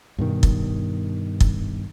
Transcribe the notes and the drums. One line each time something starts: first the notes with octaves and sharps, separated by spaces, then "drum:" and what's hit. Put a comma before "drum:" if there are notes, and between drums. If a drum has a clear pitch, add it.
G2 B2 D#3
drum: kick
drum: kick